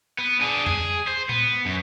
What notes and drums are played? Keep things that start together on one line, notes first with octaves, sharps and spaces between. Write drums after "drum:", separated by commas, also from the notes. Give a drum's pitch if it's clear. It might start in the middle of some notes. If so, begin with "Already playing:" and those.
B3
D4 G#4
G#4, drum: tom F2
C5
B3, drum: tom A#2
F#2